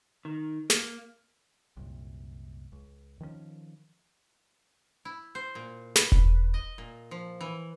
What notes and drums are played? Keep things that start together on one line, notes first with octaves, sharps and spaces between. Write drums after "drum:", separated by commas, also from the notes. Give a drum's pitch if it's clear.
D#3
A#3, drum: snare
C2 F#2 A#2
C#2
D#3 F3 G#3 C#4
E4
C5
A#2
B4, drum: snare
drum: kick E1
D#5
A#2
F3
E3